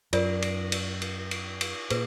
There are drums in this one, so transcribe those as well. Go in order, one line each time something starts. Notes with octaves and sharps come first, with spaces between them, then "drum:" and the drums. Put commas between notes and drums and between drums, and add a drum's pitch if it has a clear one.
F#2 F4 A#4 D5, drum: cymbal
drum: cymbal
drum: cymbal
drum: cymbal
drum: cymbal
drum: cymbal
A#2 G#4 B4, drum: cymbal